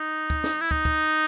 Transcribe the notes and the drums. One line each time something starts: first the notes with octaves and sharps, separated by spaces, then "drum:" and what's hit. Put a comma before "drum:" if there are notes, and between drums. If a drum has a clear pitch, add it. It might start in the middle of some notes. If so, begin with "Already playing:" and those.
Already playing: D#4
drum: kick
drum: snare
E4
D#4, drum: kick
drum: kick